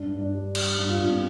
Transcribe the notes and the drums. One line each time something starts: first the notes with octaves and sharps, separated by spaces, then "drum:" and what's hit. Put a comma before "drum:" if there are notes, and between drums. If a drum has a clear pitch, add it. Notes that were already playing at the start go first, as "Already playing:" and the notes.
Already playing: G2 D4
G2
D4
G3
G3, drum: cymbal
G2
F4
G2
C4